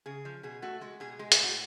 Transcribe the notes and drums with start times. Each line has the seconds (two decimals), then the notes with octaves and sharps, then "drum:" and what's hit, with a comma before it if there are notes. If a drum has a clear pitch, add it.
0.06 C#3 G#4
0.25 F3
0.43 B2 G#4
0.62 A3 F#4
0.81 G#3 F#4
1.00 B2 G#4
1.19 G#3 G#4
1.32 G#4, drum: hi-hat
1.38 A2
1.44 F#4